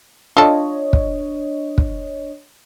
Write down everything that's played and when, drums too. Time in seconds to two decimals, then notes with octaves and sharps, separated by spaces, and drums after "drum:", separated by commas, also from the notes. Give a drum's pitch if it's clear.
0.37 D4 F4 A4 C#5 D#5
0.93 drum: kick
1.78 drum: kick